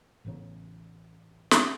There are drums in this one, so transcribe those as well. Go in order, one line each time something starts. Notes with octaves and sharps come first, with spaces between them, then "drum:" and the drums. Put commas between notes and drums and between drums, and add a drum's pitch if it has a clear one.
A1 C#3 B3 C#4
drum: snare